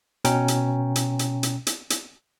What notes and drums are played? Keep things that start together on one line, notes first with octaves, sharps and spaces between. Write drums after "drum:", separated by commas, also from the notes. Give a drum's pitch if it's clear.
B2 C#4 G5 A#5, drum: hi-hat
drum: hi-hat
drum: hi-hat
drum: hi-hat
drum: hi-hat
drum: hi-hat
drum: hi-hat